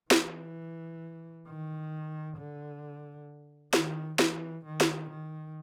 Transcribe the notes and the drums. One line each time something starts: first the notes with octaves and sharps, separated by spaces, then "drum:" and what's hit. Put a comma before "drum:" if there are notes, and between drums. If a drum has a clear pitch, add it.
E3, drum: snare
D#3
D3
D#3, drum: snare
E3, drum: snare
D#3
drum: snare
D#3